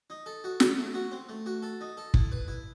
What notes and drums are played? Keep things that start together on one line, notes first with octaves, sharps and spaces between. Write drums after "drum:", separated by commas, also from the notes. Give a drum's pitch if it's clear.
D#4
A4
F#4
C4, drum: snare
A3
F#4
C4
A3
F#4
A4
D#4
A4
E4, drum: kick
B4
E4